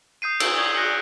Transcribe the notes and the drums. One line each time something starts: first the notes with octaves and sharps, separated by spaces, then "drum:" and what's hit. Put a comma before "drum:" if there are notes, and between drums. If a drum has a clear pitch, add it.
D#6 G6 C7 D#7
E6 G#6 D7, drum: cymbal
D#6 G#6
F#6 A#6 C7 C#7